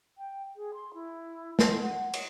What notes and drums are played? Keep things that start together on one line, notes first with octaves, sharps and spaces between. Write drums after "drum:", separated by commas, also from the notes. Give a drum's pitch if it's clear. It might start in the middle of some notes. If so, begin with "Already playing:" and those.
G5
G#4
C6
E4
C6, drum: snare
F#5
D#5, drum: cymbal